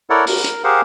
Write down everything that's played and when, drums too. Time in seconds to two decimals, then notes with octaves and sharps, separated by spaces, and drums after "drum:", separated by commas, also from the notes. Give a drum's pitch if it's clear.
0.10 E4 A4 A#4 C#5 D5 F#5
0.27 A#4, drum: open hi-hat
0.44 drum: hi-hat
0.64 G4 G#4 A#4 C5 F5 F#5